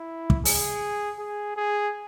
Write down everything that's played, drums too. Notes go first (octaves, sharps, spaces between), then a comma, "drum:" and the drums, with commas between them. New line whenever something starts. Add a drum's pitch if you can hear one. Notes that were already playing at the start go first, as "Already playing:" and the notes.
Already playing: E4
drum: kick
G#4, drum: open hi-hat
G#4
G#4